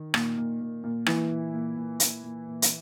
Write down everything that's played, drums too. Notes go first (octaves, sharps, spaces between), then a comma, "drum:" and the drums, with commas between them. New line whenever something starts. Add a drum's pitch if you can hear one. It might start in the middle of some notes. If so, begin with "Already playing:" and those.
Already playing: D#3
A#2, drum: rim click
A#2
A#2
A#2
A#2 E3 E4, drum: rim click
A#2
A#2
A#2
A#2, drum: hi-hat
A#2
A#2
drum: hi-hat